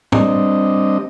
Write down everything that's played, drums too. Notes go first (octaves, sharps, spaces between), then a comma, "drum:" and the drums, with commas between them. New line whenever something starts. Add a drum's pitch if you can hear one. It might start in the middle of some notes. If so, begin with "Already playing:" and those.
G3 C4 D4 D#5, drum: tom A2